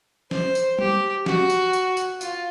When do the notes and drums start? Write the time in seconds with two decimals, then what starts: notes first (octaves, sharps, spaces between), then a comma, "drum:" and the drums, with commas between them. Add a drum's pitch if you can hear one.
0.31 C5, drum: snare
0.55 drum: tambourine
0.79 G4, drum: tom
1.26 F#4, drum: snare
1.50 drum: tambourine
1.73 drum: tambourine
1.97 drum: tambourine
2.21 F4, drum: tambourine